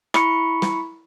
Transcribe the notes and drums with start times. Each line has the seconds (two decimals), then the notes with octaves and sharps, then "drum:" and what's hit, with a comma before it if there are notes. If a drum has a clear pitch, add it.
0.14 E4 B5 C#6 C#7, drum: rim click
0.62 drum: snare